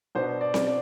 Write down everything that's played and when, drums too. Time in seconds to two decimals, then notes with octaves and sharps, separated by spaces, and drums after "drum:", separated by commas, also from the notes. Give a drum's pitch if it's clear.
0.15 B2 F#3 B3 D4 C5
0.41 D5
0.54 drum: snare C4
0.67 D5